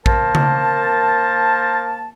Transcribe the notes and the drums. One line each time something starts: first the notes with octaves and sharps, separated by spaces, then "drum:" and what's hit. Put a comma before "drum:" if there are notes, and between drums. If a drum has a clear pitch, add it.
A#3 A#4 C5 A5, drum: kick
drum: tom C#3